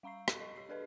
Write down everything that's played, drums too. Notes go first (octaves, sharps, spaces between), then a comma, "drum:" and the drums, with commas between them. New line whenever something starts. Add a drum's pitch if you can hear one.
G3 F5 A#5 C#6 C7
A4 C#6, drum: rim click
D#5 C#6
G4 C7
D4 G#4 A4 B4 D#5